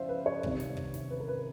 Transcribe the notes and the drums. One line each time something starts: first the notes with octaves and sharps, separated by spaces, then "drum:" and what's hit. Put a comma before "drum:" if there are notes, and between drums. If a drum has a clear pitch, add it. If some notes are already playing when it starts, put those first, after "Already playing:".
Already playing: C#3 F3 C5 D5 E5 F5
B4
C#5
C3 D#3 G3, drum: kick
drum: snare
drum: kick
drum: snare
B4
A#4
B4